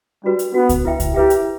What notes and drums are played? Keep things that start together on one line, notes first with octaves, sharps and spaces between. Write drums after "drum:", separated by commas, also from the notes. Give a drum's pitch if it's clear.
G3 D4 F#4 B4
drum: hi-hat
B3 D4 F#4 B4
drum: kick C#2, hi-hat
E4 B4 E5 G5
drum: kick C#2, hi-hat
E4 G4 B4 E5 G5
drum: hi-hat